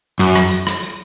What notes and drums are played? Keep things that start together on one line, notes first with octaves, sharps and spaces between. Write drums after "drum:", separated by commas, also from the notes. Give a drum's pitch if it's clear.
F#2, drum: tambourine
drum: rim click
drum: tambourine
drum: rim click
drum: tambourine